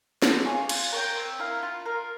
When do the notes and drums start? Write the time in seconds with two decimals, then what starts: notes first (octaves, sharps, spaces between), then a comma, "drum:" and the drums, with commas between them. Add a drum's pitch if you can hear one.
0.22 A#3, drum: snare
0.45 F4 G#4 C#5
0.69 F4, drum: cymbal
0.92 A#4 C#5 G5
1.15 C4
1.39 E4 A#4 F5
1.63 F4
1.85 A#4 F5